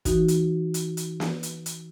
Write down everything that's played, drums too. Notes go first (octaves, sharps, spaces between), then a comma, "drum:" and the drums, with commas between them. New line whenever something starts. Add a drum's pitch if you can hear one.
E3 D#4 F#4, drum: kick, hi-hat
drum: hi-hat
drum: hi-hat
drum: hi-hat
drum: snare
drum: hi-hat
drum: hi-hat